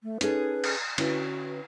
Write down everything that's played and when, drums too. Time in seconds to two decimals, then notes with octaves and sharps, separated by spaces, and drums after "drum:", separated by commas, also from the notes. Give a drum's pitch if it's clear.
0.03 A3
0.21 C#4 D#4 G#4 A4 B4, drum: hi-hat
0.64 drum: cymbal
0.98 D3 C#4 E4 F#4 B4, drum: cymbal